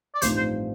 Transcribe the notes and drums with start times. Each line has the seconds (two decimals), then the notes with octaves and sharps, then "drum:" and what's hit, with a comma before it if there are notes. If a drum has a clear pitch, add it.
0.15 D5
0.22 A1 G2 F3 C4 D#4 C5, drum: hi-hat
0.37 C5